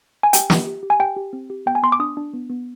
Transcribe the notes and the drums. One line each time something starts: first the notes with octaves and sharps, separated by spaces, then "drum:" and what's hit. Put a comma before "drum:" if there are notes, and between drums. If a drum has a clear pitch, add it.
G#5
G4 G5, drum: hi-hat
G4, drum: snare
G4
G4
G#5
G4 G5
G4
C4
G4
B3 G5
G#5
B3 C6
D6
D4 D#6
D4
B3
B3